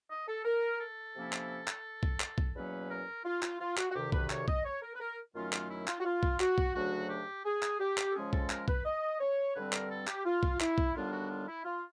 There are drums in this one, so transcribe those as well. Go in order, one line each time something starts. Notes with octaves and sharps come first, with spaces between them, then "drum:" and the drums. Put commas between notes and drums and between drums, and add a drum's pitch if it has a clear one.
D#5
A4
A#4
A4
C3 F3 A#3 C#4 E4
drum: clap
drum: clap
drum: kick
drum: clap
drum: kick
E2 B2 F#3 A#3 C#4 B4
A#4
F4
F4, drum: clap
F4
F#4, drum: clap
F#4
D2 C3 D#3 G4
B4, drum: kick
C#5, drum: clap
D#5, drum: kick
C#5
A#4
B4
A#4
F#2 D#3 F#3 A3 C#4 F4
F4, drum: clap
E4
F4, drum: clap
F#4
F4
drum: kick
F#4, drum: clap
drum: kick
D2 C#3 F#3 A3 D4 F#4
G4
G#4
drum: clap
G4
drum: clap
A4
C#3 F3 G#3 C#4 G#4
A4, drum: kick
A#4, drum: clap
B4, drum: kick
D#5
C#5
G2 D3 G3 C4 B4
A#4, drum: clap
A4
G4, drum: clap
F4
drum: kick
E4, drum: clap
drum: kick
D#2 D3 G3 B3 D4 F4
F#4
F4
E4
F4